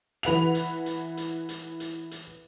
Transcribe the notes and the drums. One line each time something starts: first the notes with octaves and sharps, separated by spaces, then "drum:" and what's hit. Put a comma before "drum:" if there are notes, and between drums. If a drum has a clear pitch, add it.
E3 B4 F#5 F7, drum: hi-hat
drum: hi-hat
drum: hi-hat
drum: hi-hat
drum: hi-hat
drum: hi-hat
drum: hi-hat